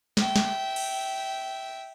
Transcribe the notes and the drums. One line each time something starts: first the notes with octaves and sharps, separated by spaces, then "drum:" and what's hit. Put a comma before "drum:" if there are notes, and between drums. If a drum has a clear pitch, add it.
E5 G5, drum: snare
drum: snare
drum: cymbal